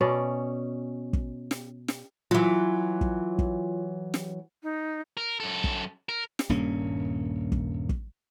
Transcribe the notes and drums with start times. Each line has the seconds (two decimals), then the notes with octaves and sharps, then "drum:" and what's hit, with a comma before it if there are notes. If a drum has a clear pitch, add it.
0.01 B2 C#4 D5
1.13 drum: kick
1.51 drum: snare
1.88 drum: snare
2.31 E3 F#3 F4
3.01 drum: kick
3.39 drum: kick
4.14 drum: snare
4.63 D#4
5.17 A#4
5.40 F#2 A4
5.64 drum: kick
6.09 A#4
6.39 drum: snare
6.49 D#1 G2 A#3 C#4
7.52 drum: kick
7.89 drum: kick